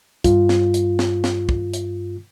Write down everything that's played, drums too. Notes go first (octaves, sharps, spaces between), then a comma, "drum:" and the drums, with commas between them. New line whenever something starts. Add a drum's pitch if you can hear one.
G2 F4, drum: kick, hi-hat
drum: snare
drum: hi-hat
drum: snare
drum: snare
drum: kick
drum: hi-hat